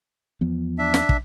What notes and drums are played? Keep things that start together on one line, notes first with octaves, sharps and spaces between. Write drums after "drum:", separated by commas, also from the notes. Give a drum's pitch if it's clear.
E2 F3 B3
D4 E5
drum: snare
drum: kick